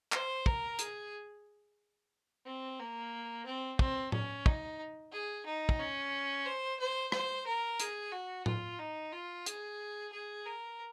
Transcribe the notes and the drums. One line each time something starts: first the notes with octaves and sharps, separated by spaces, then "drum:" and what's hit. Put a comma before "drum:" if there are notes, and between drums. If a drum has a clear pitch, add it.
C5, drum: clap
A#4, drum: kick
G#4, drum: hi-hat
C4
A#3
C4
C4, drum: kick
C#4, drum: tom A2
D#4, drum: kick
G#4
D#4
drum: kick
C#4
C5
C5
C5, drum: rim click
A#4
G#4, drum: hi-hat
F#4
F4, drum: tom A2
D#4
F4
G#4, drum: hi-hat
G#4
A#4